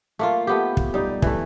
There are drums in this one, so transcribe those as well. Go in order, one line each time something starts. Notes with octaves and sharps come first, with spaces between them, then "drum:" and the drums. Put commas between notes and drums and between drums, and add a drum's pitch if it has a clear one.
A3 A#3 F4
A3 B3 G4
drum: kick
G3 D#4
E3 A3, drum: kick